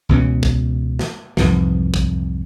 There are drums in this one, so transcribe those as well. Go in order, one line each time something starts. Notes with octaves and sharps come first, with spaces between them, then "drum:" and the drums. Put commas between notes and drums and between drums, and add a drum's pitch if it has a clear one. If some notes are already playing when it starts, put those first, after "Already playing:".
C#2 B2 E3 C#4
drum: kick
drum: snare
C2 F2 G#2 E3, drum: snare
drum: kick